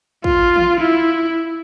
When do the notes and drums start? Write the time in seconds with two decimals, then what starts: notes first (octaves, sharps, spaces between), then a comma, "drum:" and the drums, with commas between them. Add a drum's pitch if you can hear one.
0.24 F4, drum: kick
0.56 drum: tom
0.79 E4